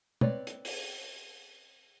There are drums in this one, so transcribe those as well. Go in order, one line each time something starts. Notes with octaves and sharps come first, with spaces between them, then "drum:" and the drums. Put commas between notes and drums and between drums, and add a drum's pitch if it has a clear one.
C4 B4 C#5 D5, drum: tom
drum: hi-hat
drum: open hi-hat